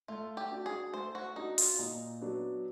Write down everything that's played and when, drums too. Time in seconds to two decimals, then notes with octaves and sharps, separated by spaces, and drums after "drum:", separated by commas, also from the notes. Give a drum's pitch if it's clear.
0.08 A3 F4
0.37 G4
0.52 D4 F#4
0.66 G#4
0.93 A3 C5
1.15 F#4
1.36 D4 D#4 F#4
1.58 F4, drum: open hi-hat
1.79 A#2 D#4
2.21 F#3 B3 D4